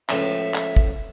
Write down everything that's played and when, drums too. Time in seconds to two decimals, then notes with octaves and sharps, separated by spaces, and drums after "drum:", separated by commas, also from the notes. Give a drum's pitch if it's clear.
0.09 C#2 A2 F3 E5, drum: clap
0.54 drum: clap
0.76 drum: kick